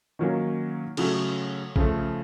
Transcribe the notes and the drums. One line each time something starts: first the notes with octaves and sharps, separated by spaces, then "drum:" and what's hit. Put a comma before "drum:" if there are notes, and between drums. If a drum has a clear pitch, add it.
D#3 F#3 A#3 C#4
C#3 F#3 A3 C#4, drum: cymbal
C#3 F3 A3, drum: kick A#1